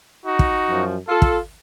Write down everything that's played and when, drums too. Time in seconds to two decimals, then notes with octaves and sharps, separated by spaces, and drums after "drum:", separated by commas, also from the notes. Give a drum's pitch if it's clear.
0.25 D#4 F#4
0.39 drum: kick
0.67 F#2 F3
1.08 F4 A4
1.22 drum: kick